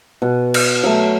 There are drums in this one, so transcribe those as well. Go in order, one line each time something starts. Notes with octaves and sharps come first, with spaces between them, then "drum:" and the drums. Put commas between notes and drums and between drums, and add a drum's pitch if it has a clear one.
B2
drum: cymbal
F#3 A3